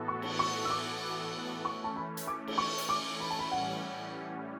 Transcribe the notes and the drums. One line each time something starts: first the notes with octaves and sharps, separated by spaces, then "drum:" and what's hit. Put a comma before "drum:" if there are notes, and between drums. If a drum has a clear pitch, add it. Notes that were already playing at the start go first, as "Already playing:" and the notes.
Already playing: A2 E3 B3 F#4 A4
C#6
drum: cymbal
C#6
E6
D6
E3 A3 C#4 C#6
A5
B5
drum: hi-hat
D6
drum: cymbal
C#6
drum: hi-hat
D6
B5
A5
B5
A2 E3 G3 C#4 F#5